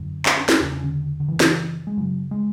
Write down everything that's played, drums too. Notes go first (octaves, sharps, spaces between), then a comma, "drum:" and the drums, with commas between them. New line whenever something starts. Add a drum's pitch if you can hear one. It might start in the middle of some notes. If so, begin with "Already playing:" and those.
Already playing: F#2 D3
C#4, drum: clap
D4
C#4, drum: snare
E2 C#3 D4
C#4
D3
D3
F#2 C#3 E3
drum: snare
G#3
F#2 C#3 F#3
G#3